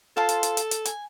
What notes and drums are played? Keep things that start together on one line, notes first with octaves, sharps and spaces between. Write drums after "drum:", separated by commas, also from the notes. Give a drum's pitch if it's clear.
F4 A4 C5 A5
drum: hi-hat
drum: hi-hat
drum: hi-hat
drum: hi-hat
G#5, drum: hi-hat